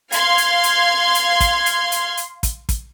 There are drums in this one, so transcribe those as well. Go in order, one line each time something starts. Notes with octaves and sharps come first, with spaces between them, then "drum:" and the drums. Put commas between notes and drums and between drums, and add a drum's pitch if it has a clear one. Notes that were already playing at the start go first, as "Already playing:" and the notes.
F5 C6 G#6, drum: hi-hat
drum: hi-hat
drum: hi-hat
drum: hi-hat
drum: kick, hi-hat
drum: hi-hat
drum: hi-hat
drum: hi-hat
drum: kick, hi-hat
drum: kick, hi-hat